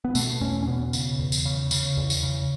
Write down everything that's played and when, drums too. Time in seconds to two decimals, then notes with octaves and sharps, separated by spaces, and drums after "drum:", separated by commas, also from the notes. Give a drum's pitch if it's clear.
0.05 B3
0.15 B2 A3, drum: tambourine
0.41 E2 C#4
0.63 C#4
0.67 B2 B3
0.93 C#3, drum: tambourine
1.19 E2
1.32 drum: tambourine
1.45 C#3
1.71 C#3, drum: tambourine
1.97 E2
2.10 drum: tambourine
2.23 C#3